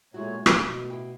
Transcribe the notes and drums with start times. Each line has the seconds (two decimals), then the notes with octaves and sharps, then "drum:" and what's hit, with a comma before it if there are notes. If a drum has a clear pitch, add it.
0.14 A#2 G#3 A3 E4 F#4 C#5
0.46 A3 C#4, drum: rim click
0.61 B2
0.90 E4 G5